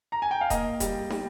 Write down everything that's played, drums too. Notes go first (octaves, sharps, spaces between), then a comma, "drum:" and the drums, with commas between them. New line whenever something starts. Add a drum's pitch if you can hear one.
A#5
G#5
G5
F5
A#3 D#5, drum: kick E1, hi-hat
G3, drum: kick E1, hi-hat
G3, drum: snare